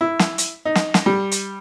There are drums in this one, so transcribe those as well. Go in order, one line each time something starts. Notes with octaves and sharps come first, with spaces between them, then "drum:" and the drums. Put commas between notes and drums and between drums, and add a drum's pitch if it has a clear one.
E4
drum: snare
drum: hi-hat
D#4
drum: snare
drum: snare
G3
drum: hi-hat